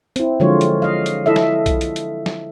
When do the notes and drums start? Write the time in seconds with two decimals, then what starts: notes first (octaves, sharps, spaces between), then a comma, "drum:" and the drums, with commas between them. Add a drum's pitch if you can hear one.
0.16 C4 E4, drum: hi-hat
0.40 D3 F3 F#3 G#3 F4 C#5
0.61 drum: hi-hat
0.82 D#5 F5
1.06 drum: hi-hat
1.26 E4 A4 D#5 E5
1.36 drum: snare
1.66 drum: kick B1, hi-hat
1.81 drum: hi-hat
1.96 drum: hi-hat
2.26 drum: snare